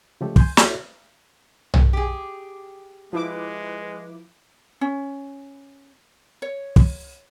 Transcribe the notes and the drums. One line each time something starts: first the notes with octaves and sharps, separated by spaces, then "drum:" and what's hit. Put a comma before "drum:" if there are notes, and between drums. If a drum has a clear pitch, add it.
C#3 F3 G#3 A3 G4 A4
G#5 C6 G6, drum: kick
E4 F#4 A4 C#5 D5 E5, drum: snare
drum: tom B1
G4 G#4
F3 G#3 E4 B4 D6
C#4
C#5
drum: kick